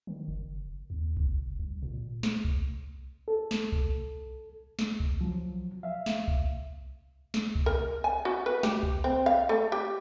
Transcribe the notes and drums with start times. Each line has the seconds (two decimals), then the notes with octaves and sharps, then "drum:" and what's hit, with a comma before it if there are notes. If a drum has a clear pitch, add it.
0.07 D#3
0.28 F#1
0.90 D#2
1.17 drum: kick C2
1.26 F#1
1.59 C2
1.82 A#2
2.23 drum: snare
2.45 drum: kick C2
3.28 A4
3.51 drum: snare
3.72 drum: kick C2
4.79 drum: snare
5.00 drum: kick C2
5.21 F3 F#3
5.83 E5 F5
6.06 drum: snare
6.28 drum: kick C2
7.34 drum: snare
7.55 drum: kick C2
7.66 A#4
8.04 G#5
8.25 F#4
8.46 B4
8.63 G4, drum: snare
8.83 drum: kick C2
9.04 C4
9.26 F5
9.49 A3
9.72 G4